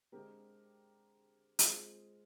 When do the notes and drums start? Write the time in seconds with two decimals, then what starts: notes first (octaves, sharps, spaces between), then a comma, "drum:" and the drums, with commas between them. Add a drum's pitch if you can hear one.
0.12 D3 G#3 C4 G4 A#4
1.59 G#3 C4 F4 G#4, drum: hi-hat